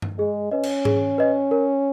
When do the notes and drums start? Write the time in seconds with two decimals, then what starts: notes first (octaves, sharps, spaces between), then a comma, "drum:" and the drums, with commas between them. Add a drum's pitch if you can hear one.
0.02 drum: tom G2
0.19 G#3 G#4
0.51 C#4 B4 D#5
0.63 drum: cymbal
0.85 G#4, drum: tom G#2
1.18 B4 D#5
1.51 A#4